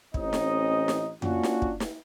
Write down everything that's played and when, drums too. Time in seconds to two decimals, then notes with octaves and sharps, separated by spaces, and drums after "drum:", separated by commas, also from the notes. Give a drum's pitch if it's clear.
0.14 A1 E3 C4 C#4 D#4 D#5, drum: kick
0.33 drum: snare
0.88 drum: snare
1.22 A#3 C#4 D4 F4 F#4, drum: tom F2
1.43 drum: snare
1.62 drum: kick
1.80 drum: snare